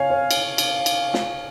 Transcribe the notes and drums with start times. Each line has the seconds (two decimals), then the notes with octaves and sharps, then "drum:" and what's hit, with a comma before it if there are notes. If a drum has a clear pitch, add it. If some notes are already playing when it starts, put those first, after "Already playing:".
Already playing: C#5 F5 G#5
0.10 C#5
0.31 drum: cymbal
0.58 drum: cymbal
0.86 drum: cymbal
1.14 drum: snare